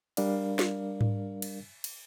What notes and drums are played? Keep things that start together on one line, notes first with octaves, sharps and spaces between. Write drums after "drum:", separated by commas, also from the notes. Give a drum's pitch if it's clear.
G3 D4 A#4 D5 F5, drum: cymbal
drum: snare
drum: tom G#2
drum: cymbal
drum: cymbal